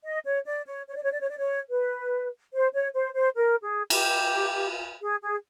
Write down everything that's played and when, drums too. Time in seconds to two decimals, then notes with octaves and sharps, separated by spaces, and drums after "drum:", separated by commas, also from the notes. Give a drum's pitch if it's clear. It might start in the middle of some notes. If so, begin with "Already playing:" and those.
0.04 D#5
0.25 C#5
0.45 D5
0.66 C#5
0.87 C#5
0.95 D5
1.03 C#5
1.12 D5
1.20 C#5
1.29 D5
1.37 C#5
1.70 B4
2.53 C5
2.73 C#5
2.93 C5
3.14 C5
3.36 A#4
3.62 G#4
3.90 G4, drum: cymbal
5.01 G#4
5.21 G#4